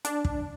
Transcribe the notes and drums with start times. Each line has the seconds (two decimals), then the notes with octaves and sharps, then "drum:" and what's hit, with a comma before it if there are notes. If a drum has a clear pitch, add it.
0.05 D4, drum: hi-hat
0.25 drum: kick